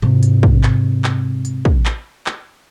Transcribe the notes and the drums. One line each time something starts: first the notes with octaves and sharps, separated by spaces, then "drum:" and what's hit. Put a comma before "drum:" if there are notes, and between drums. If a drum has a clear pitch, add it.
G#2 C3
drum: hi-hat
drum: kick
drum: clap
drum: clap
drum: hi-hat
drum: kick
drum: clap
drum: clap